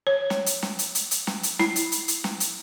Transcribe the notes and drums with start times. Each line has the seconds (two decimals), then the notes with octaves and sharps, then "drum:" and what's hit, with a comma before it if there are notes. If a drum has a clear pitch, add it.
0.07 C#5
0.30 drum: snare
0.46 drum: hi-hat
0.63 drum: snare
0.79 drum: hi-hat
0.95 drum: hi-hat
1.11 drum: hi-hat
1.27 drum: snare
1.43 drum: hi-hat
1.59 E4, drum: snare
1.76 drum: hi-hat
1.92 drum: hi-hat
2.08 drum: hi-hat
2.24 drum: snare
2.40 drum: hi-hat